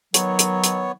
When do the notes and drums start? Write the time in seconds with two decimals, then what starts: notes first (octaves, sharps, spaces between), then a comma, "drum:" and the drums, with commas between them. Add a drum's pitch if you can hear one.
0.14 D#3 F#3 B3 C#5, drum: hi-hat
0.39 drum: hi-hat
0.64 drum: hi-hat